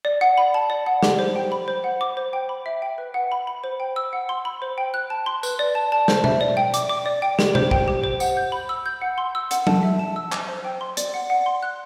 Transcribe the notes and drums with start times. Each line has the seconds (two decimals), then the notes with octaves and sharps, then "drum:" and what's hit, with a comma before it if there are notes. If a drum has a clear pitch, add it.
0.05 D5
0.21 F#5
0.38 B5
0.54 A5
0.70 D5
0.86 F#5
1.03 G4, drum: snare
1.19 C5
1.36 G5
1.52 B5
1.68 C5
1.84 F#5
2.01 D6
2.17 C5
2.33 G5
2.49 B5
2.66 E5
2.82 G5
2.98 B4
3.14 F#5
3.32 B5
3.47 B5
3.64 C5
3.80 G5
3.96 E6
4.13 F#5
4.29 C6
4.45 B5
4.62 C5
4.78 G5
4.94 F#6
5.10 A5
5.26 C6
5.43 B4, drum: tambourine
5.59 D5
5.75 A5
5.92 A5
6.08 C5, drum: snare
6.24 E5, drum: tom B2
6.41 D5
6.57 G5
6.74 D6, drum: hi-hat
6.89 D6
7.06 D5
7.22 G5
7.39 G4, drum: snare
7.55 C5, drum: tom B2
7.71 G5, drum: kick A#1
7.88 G4
8.04 C5
8.20 F#5, drum: tambourine
8.37 G6
8.52 B5
8.69 E6
8.86 G6
9.02 F#5
9.18 C6
9.35 E6
9.51 F#5, drum: hi-hat
9.67 A5, drum: tom F#3
9.83 E5
9.99 A5
10.16 E6
10.32 D6, drum: clap
10.48 C5
10.65 G5
10.81 C6
10.97 D5, drum: hi-hat
11.14 F#5
11.30 F#5
11.46 C6
11.63 F#6